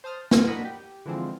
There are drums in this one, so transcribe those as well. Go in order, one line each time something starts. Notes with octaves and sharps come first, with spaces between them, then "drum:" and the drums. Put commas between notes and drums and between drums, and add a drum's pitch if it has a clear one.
C5 A5 D#6 F6
F4, drum: snare
D4 F#4 A#4 D#5 F#5 B5
G4
D3 E3 F3 G#3 C4